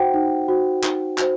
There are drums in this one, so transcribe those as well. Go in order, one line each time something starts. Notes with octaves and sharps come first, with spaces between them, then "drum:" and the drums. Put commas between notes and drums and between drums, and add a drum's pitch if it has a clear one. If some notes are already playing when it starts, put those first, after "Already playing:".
Already playing: D#4 F#4 C5 F#5 G5
D#4
F#4 C5
D#4, drum: clap
F#4 C5, drum: clap